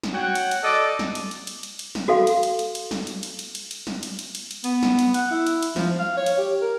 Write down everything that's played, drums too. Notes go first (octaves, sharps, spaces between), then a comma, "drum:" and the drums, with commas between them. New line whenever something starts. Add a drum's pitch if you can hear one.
drum: snare
F#4 C#5 F#5 G5
drum: cymbal
drum: cymbal
A4 D5 D#5 D6
drum: snare
drum: cymbal
drum: cymbal
drum: cymbal
drum: cymbal
drum: cymbal
drum: snare
F#4 A4 F5
drum: cymbal
drum: cymbal
drum: cymbal
drum: cymbal
drum: snare
drum: cymbal
drum: cymbal
drum: cymbal
drum: cymbal
drum: cymbal
drum: snare
drum: cymbal
drum: cymbal
drum: cymbal
drum: cymbal
B3, drum: cymbal
drum: snare
drum: cymbal
F#5, drum: cymbal
E4
drum: cymbal
drum: cymbal
F3, drum: snare
F5
C#5
drum: cymbal
G4
A#4